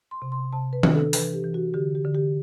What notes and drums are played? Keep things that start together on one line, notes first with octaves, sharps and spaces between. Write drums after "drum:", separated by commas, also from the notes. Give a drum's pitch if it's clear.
C6
C3
C6
C3 A5
B4
D4, drum: tom D#3
A4
E3 B4, drum: open hi-hat
G4
E3
F#4
D3 G4
G4
D3
G4